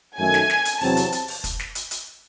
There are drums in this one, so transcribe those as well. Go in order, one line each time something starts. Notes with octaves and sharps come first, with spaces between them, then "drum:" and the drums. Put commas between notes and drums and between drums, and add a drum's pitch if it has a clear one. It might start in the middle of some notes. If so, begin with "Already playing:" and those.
F#2 D#3 A3 D#4 G#5
drum: snare
drum: snare
drum: hi-hat
E2 C3 F#3 C4 A5, drum: open hi-hat
drum: hi-hat
drum: hi-hat
drum: open hi-hat
drum: kick, hi-hat
drum: snare
drum: hi-hat
drum: hi-hat